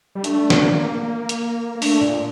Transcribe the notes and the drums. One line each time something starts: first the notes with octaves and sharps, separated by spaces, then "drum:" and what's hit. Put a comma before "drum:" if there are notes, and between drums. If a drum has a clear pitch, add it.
G3
A3 D4, drum: hi-hat
drum: snare
A#3
A#3
drum: hi-hat
A#3
A3 D4, drum: open hi-hat
A#2